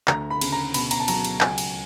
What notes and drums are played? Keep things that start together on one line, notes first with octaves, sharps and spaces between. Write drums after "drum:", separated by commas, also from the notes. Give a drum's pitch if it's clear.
D2 A#5, drum: clap
B5
C#3, drum: cymbal
A#5
B2 B5, drum: cymbal
A#5, drum: cymbal
A5
F#3 A#5, drum: cymbal
drum: cymbal
C#2 G#5, drum: clap
drum: cymbal